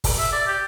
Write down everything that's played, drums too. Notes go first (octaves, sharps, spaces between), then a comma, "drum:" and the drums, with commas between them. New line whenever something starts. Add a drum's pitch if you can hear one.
drum: kick, open hi-hat
E5
D5
G4